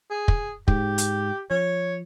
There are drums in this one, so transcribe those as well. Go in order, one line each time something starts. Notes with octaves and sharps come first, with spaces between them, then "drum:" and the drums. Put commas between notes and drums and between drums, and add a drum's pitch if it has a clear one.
G#4
drum: kick
G#2 G4, drum: kick
drum: hi-hat
F3 C#5